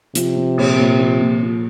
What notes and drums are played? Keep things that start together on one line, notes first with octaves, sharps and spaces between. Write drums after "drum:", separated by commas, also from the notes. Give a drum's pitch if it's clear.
C3 F3, drum: hi-hat
F3
A#2, drum: cymbal
A#2
F3
A#2
F3